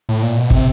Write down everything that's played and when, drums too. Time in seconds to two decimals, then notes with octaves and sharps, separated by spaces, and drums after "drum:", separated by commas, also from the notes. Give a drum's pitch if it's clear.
0.09 A2
0.22 A#2
0.36 B2
0.50 C3, drum: kick